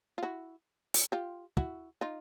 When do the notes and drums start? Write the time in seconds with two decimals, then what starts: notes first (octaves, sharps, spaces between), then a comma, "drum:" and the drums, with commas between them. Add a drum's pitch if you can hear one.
0.18 F4
0.23 E4 F#4
0.94 drum: hi-hat
1.12 F4 G4
1.57 E4 F#4, drum: kick
2.01 D#4 F4